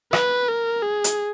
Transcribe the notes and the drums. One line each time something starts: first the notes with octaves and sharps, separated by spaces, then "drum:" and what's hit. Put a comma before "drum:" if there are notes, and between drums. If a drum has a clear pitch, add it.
B4, drum: rim click
A#4
G#4
drum: hi-hat